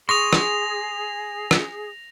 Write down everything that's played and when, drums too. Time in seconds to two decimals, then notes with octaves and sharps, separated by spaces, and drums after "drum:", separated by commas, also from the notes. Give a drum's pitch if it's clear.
0.09 G#4 C6 C#6 D#6 A#6 F7
0.33 drum: rim click
1.51 drum: rim click